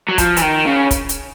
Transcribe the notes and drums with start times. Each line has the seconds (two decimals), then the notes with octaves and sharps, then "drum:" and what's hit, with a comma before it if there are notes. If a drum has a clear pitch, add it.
0.09 F#3
0.18 F3, drum: kick, hi-hat
0.37 E3, drum: hi-hat
0.41 D#3
0.66 C#3
0.91 drum: kick, hi-hat
1.09 drum: hi-hat